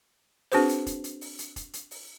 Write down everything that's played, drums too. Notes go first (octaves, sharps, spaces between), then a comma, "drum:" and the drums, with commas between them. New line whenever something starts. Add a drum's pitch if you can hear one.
C4 D4 F#4 G#4 B4 C5, drum: open hi-hat
drum: hi-hat
drum: kick F1, hi-hat
drum: hi-hat
drum: open hi-hat
drum: hi-hat
drum: kick F1, hi-hat
drum: hi-hat
drum: open hi-hat